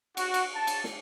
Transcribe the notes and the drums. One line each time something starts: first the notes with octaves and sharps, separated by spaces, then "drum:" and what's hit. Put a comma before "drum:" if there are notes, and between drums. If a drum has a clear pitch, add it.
F#4, drum: cymbal
drum: cymbal
A5
drum: cymbal
drum: snare